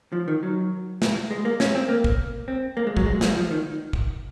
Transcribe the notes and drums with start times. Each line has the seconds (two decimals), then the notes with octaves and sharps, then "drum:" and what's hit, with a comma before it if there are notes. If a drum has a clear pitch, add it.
0.12 F3
0.28 D#3
0.43 F#3
1.02 drum: snare
1.31 G#3
1.45 A#3
1.60 C#4, drum: snare
1.75 C4
1.89 A#3
2.04 drum: kick
2.48 C4
2.77 A#3
2.87 G#3
2.97 F#3, drum: kick
3.06 G#3
3.21 F#3, drum: snare
3.36 F3
3.51 D#3
3.93 drum: kick